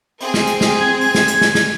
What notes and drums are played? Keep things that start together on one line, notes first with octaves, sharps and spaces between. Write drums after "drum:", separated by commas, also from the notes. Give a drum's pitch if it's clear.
C4 G#4, drum: open hi-hat
drum: snare
drum: hi-hat
drum: snare
G#6
drum: open hi-hat
drum: snare
drum: hi-hat
drum: snare
drum: snare